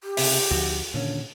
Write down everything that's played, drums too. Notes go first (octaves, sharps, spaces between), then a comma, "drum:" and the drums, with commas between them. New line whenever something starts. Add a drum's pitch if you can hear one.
G4
C#2 C3 E5, drum: open hi-hat
D2 D3 F3 F#4
D#2 A#2 D3 C#4 C#5